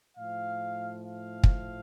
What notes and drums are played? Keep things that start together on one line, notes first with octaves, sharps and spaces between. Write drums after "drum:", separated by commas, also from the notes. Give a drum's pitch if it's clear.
A2 F3 A3 F5
F5
drum: kick